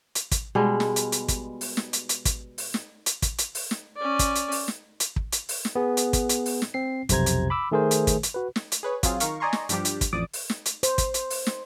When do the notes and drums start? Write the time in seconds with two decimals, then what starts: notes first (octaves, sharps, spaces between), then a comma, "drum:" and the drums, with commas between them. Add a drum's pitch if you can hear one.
0.15 drum: hi-hat
0.32 drum: kick, hi-hat
0.55 B2 G3 G#3
0.80 drum: snare
0.96 drum: hi-hat
1.12 drum: hi-hat
1.28 drum: kick, hi-hat
1.61 drum: open hi-hat
1.77 drum: snare
1.93 drum: hi-hat
2.09 drum: hi-hat
2.25 drum: kick, hi-hat
2.58 drum: open hi-hat
2.74 drum: snare
3.06 drum: hi-hat
3.22 drum: kick, hi-hat
3.39 drum: hi-hat
3.55 drum: open hi-hat
3.71 drum: snare
3.97 C#4 D5
4.19 drum: kick, hi-hat
4.36 drum: hi-hat
4.52 drum: open hi-hat
4.68 drum: snare
5.00 drum: hi-hat
5.16 drum: kick
5.32 drum: hi-hat
5.49 drum: open hi-hat
5.65 drum: snare
5.75 B3 G#4
5.97 drum: hi-hat
6.13 drum: kick, hi-hat
6.29 drum: hi-hat
6.46 drum: open hi-hat
6.62 drum: snare
6.74 C4 C7
7.09 B1 F2 C3 C5 A#5 G#6, drum: kick, hi-hat
7.26 drum: hi-hat
7.50 B5 D6 E6
7.71 D#3 A3 G#4 A#4 C5
7.91 drum: hi-hat
8.07 drum: kick, hi-hat
8.23 drum: hi-hat
8.34 F#4 B4
8.56 drum: snare
8.72 drum: hi-hat
8.83 G#4 B4 C#5
9.03 F#3 C4 F4 G#4, drum: kick, hi-hat
9.20 D#3 A#4 F5 C#6, drum: hi-hat
9.40 D5 D#5 G#5 A#5 C6 C#6
9.53 drum: snare
9.69 G2 F3 G3 D4 G4, drum: hi-hat
9.85 drum: hi-hat
10.01 drum: kick, hi-hat
10.13 A1 F2 D5 D6 D#6 D7
10.33 drum: open hi-hat
10.50 drum: snare
10.66 drum: hi-hat
10.83 C5, drum: hi-hat
10.98 drum: kick, hi-hat
11.14 drum: hi-hat
11.30 drum: open hi-hat
11.47 drum: snare